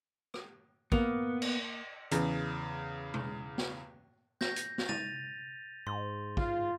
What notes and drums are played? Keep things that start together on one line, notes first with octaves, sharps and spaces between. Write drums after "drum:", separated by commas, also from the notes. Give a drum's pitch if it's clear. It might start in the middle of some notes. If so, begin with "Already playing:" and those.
drum: rim click
A#3 B3, drum: kick
drum: cymbal
E2 C#3, drum: hi-hat
drum: tom B2
drum: snare
G6 A#6, drum: snare
drum: hi-hat
drum: snare
A6 D#7 F7, drum: tom
G#2 C6
F4, drum: kick